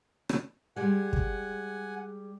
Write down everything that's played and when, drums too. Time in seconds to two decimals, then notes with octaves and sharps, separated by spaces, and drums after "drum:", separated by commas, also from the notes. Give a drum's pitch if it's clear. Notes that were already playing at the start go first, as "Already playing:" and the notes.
0.29 drum: rim click
0.76 G3 G#3 F#5 G#5
1.13 drum: kick